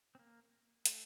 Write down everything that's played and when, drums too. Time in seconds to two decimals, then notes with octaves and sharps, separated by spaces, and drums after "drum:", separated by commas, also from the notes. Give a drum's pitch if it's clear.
0.15 C4
0.19 A#3
0.85 A3, drum: hi-hat